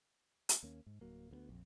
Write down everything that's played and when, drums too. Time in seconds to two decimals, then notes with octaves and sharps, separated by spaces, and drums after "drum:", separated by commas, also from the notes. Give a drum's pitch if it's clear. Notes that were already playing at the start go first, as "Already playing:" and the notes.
0.49 drum: hi-hat
0.63 D#2 A#3 C#4
0.86 G#2
1.01 D1 F#3 A#3
1.31 D2 A#3 B3
1.49 A#1 F2